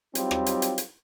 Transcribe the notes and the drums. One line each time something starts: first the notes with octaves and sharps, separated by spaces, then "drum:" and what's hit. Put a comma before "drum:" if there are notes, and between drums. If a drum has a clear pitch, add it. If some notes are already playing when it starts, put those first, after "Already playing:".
F#3 G3 C4 D#4 F4 G4, drum: hi-hat
drum: rim click
drum: hi-hat
drum: hi-hat
drum: hi-hat